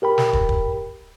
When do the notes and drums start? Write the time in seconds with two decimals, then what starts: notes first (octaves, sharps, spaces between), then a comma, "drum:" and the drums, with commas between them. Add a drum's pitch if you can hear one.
0.02 G4 A#4 G5 B5
0.18 drum: snare
0.33 drum: kick
0.49 drum: kick